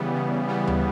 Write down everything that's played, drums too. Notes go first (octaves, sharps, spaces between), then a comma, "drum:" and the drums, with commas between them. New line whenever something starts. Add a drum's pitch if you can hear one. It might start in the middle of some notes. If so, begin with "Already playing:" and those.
Already playing: C#3 E3 G3 B3
C#3
E3 G3 B3
drum: tom D2